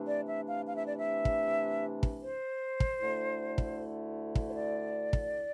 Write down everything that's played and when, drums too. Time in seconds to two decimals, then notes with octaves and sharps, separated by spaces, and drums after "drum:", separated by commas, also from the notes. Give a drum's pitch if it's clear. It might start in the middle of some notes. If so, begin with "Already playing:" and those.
Already playing: C3 E3 A3 D4
0.08 D5
0.29 E5
0.47 F5
0.68 F5
0.77 E5
0.87 D5
0.97 E5
1.25 drum: kick
2.03 drum: kick
2.22 C5
2.80 drum: kick
3.00 D2 D3 A3 E4
3.58 drum: kick
4.35 drum: kick
4.49 C5
4.55 D5
5.13 drum: kick